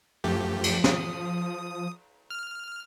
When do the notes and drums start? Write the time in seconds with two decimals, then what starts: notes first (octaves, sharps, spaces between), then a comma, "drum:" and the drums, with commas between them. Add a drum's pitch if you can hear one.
0.24 F#2 F3 A3 G4
0.64 drum: cymbal
0.84 D#6, drum: snare
2.30 F6